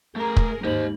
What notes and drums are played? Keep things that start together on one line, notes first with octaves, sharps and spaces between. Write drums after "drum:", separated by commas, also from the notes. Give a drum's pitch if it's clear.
A3 G#4 A#4 A#5
drum: kick
D#2 G#2 D#4 G4 C5 D#5 F#7